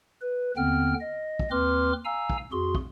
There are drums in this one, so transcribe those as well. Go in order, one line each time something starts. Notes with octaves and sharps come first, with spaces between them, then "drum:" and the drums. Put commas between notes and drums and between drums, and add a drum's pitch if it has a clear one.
B4
D#2 D3 B3 C4 G5 F6
D#5
drum: kick
D#2 C4 B4 C6 D6 F6
F5 G#5 A#5 E6
drum: kick
F2 F#4 G#4 C6
drum: kick